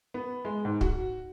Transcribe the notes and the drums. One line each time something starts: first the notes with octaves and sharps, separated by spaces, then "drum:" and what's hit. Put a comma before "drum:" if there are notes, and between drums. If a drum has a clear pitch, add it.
B3
G#3
G#2
F#4, drum: kick